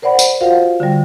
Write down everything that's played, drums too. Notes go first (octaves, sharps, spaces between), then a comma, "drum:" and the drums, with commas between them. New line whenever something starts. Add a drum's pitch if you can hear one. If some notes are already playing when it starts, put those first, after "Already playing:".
A#4 C5 D5 F#5 B5
drum: tambourine
F4 F#4 A#4 C5 F5 F#5
D3 G3